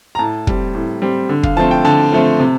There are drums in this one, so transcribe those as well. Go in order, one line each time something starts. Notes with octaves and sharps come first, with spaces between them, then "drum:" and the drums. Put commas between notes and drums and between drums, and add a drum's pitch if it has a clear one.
A#5
A2 A5
G3 C4, drum: kick
A2
G3 C4
D3
F5, drum: kick
F3 A3 C4 A5
G5
D3 A5
F3 A3 C4
C3